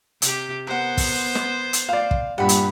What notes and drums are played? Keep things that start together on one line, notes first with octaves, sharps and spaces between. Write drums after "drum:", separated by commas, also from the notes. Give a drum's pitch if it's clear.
C3 G4, drum: hi-hat
B3 A#4 C5 F#5
drum: kick, open hi-hat
drum: snare
drum: hi-hat
D5 F5
drum: kick
G2 A#2 G3 F#5 B5
drum: hi-hat